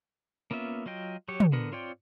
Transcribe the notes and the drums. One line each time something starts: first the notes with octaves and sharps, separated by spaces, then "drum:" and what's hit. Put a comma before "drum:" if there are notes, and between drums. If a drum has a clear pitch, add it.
A#3 B3 C#4 F4 E5
F#3 F4 D#5 G5
F#3 G4 C#5
drum: tom
D3 B3 A#4
C4 F4 C#5 D5 G5